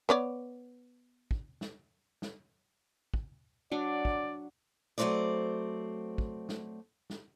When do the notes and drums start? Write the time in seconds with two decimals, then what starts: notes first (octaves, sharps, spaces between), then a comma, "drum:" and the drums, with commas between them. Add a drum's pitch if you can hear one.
0.09 B3 C#5 D5
1.31 drum: kick
1.61 drum: snare
2.22 drum: snare
3.14 drum: kick
3.72 F#3 D4 D5
4.05 drum: kick
4.98 F#3 A3 B3 C4 C5 D5
6.18 drum: kick
6.49 drum: snare
7.10 drum: snare